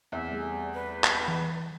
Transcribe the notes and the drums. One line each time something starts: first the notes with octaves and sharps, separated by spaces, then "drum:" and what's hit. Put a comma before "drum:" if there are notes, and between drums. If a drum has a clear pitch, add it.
E2 C4 E5
G3 A3 G#4
B4
drum: clap
E3